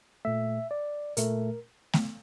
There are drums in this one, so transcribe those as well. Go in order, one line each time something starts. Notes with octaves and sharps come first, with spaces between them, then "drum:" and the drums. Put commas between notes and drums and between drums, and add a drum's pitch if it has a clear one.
A#2 A3 E5
D5
A#2 A3 A#4, drum: hi-hat
drum: snare A3